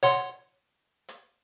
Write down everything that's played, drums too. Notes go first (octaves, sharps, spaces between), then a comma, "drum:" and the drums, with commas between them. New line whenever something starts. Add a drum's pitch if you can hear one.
C#5 F#5 C6, drum: snare
drum: hi-hat